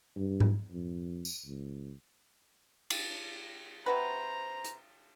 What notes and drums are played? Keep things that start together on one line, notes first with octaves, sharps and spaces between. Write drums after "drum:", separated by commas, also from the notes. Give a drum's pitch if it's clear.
G2
drum: tom G#2
F2
drum: tambourine
C#2
drum: cymbal
C3 F#4 B4 C5 A#5
drum: hi-hat